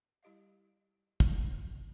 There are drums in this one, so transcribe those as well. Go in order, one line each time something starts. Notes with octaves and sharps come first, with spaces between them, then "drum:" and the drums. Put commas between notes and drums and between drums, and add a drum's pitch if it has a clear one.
G3 E4 G4 D#5 F5
drum: kick